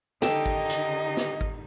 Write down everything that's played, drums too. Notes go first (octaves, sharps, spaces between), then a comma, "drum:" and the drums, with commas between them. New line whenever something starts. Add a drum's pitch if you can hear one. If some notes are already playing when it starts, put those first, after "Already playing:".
D3 D#3 D#4 G4 A4 D#5 E7, drum: snare
drum: kick G#1
drum: hi-hat
drum: snare
drum: kick G#1